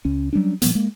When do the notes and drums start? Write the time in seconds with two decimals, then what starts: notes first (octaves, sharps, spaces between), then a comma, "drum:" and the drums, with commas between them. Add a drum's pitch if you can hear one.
0.05 C#2 C#4
0.33 F#3 G3 C#4 D4
0.62 A#2 F3 G3 B3, drum: hi-hat
0.75 G#3 A#3